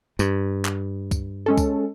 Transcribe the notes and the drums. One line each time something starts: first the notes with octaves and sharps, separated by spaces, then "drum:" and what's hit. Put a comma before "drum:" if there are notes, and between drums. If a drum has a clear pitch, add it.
G2, drum: tambourine
drum: clap
drum: kick, tambourine
G#3 C#4 A4
drum: kick, tambourine